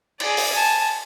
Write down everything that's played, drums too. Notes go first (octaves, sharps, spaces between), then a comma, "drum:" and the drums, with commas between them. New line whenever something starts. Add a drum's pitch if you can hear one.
G#4 D5, drum: cymbal
drum: open hi-hat
G#5 A5